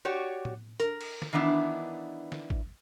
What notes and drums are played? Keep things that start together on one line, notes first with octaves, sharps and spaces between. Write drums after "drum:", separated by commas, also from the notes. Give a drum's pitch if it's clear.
F#4 G4 C#5 D5
drum: tom A2
A#4, drum: hi-hat
drum: cymbal
drum: snare
D#3 E3 B3 D4 E4
drum: snare
drum: kick